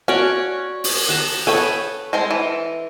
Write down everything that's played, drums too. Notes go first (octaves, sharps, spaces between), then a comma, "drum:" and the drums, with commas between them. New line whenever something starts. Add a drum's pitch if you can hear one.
C#4 F#4 C#5 D5
drum: open hi-hat
F#5 A5 A#5
G#4 A4 B4 C#5 G5
G#3 C4 C5
E3